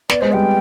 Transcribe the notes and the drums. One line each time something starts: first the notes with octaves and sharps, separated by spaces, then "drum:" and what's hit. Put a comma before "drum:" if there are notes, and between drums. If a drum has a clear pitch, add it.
B3 D5, drum: snare
G#3 C5
G3 G5